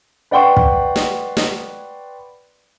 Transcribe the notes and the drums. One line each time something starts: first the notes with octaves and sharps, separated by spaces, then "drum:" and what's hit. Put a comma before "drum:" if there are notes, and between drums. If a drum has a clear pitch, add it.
B4 D5 F#5 G5 C6 C#6
drum: kick
drum: snare
drum: snare